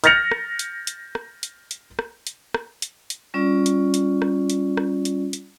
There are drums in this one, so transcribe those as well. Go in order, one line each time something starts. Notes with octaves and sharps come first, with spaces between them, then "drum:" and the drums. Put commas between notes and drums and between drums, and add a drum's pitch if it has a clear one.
F6 G6 A6 A#6 C#7 F7, drum: hi-hat
drum: rim click
drum: hi-hat
drum: hi-hat
drum: rim click
drum: hi-hat
drum: hi-hat
drum: rim click
drum: hi-hat
drum: rim click
drum: hi-hat
drum: hi-hat
G3 C#4 F4 D5
drum: hi-hat
drum: hi-hat
drum: rim click
drum: hi-hat
drum: rim click
drum: hi-hat
drum: hi-hat